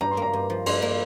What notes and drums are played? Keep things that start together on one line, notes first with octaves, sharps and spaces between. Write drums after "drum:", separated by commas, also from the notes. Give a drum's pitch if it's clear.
G2 A#5
C6
A#3 A#5
G2
F3
G2 C6, drum: cymbal
A#3